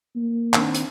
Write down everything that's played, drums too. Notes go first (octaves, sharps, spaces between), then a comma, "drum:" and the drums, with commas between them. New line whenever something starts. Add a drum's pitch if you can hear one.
A#3
D#3 C4 D4, drum: clap
drum: hi-hat